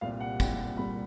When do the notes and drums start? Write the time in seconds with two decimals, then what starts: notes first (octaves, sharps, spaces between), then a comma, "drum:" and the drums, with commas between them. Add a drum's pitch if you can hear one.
0.01 C2 A#2 G3 F5
0.20 F#5
0.40 C2 A#2 G3 G5, drum: kick, tambourine
0.77 C2 A#2 G3 B5